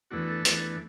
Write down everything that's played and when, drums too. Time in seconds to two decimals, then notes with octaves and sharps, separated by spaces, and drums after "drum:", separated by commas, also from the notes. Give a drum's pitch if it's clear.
0.11 E2 E3 A3 D4 F#4
0.28 A4
0.45 E2 E3 A3 D4, drum: hi-hat